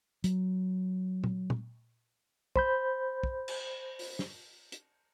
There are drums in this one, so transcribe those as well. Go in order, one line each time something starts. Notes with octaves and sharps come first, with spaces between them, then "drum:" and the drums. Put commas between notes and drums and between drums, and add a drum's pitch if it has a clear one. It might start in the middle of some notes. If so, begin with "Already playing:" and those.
F#3, drum: hi-hat
drum: tom A#2
drum: tom A#2
C5 B5 G6, drum: kick
drum: kick
drum: cymbal
drum: open hi-hat
drum: snare
drum: hi-hat